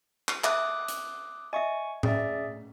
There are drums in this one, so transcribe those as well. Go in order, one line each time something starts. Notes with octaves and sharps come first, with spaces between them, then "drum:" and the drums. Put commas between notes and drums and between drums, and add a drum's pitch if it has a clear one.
drum: clap
E5 D6 D#6 F#6, drum: clap
drum: hi-hat
D#5 E5 G#5 C#6
C#4 G#4 D5 E5, drum: tom A2